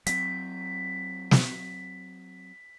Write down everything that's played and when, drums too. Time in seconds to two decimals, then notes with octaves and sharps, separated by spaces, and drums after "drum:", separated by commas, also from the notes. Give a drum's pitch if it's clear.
0.07 F#3 C4 B6, drum: hi-hat
1.31 drum: snare